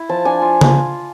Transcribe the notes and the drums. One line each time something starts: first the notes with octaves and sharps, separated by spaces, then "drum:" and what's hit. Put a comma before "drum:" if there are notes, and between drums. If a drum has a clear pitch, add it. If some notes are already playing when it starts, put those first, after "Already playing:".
Already playing: E4
F3 A5
D4 G#5
F4
drum: tom C#3